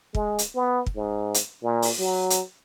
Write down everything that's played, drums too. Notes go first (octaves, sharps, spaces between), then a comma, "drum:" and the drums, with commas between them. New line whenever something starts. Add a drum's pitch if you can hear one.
G#3, drum: kick
drum: hi-hat
B3
drum: kick
G#2
drum: hi-hat
A#2
drum: open hi-hat
F#3
drum: hi-hat